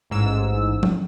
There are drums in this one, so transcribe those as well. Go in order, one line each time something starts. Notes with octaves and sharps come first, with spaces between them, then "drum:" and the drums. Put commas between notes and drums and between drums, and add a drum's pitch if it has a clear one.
A1 G#2 E6
drum: tom